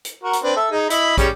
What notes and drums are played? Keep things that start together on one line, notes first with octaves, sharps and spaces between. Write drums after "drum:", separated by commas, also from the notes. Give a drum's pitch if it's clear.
drum: hi-hat
F#4 A#4
drum: hi-hat
C4 D4 B4
A4 E5
D#4 G#4
E4 D#5 B5, drum: hi-hat
G3 C#4 G#4, drum: kick, hi-hat